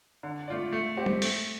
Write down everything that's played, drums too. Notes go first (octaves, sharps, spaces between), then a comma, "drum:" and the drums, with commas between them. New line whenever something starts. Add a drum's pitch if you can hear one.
D3
A3 F4 D5
A3
C4 G4
drum: tom G3
A3, drum: open hi-hat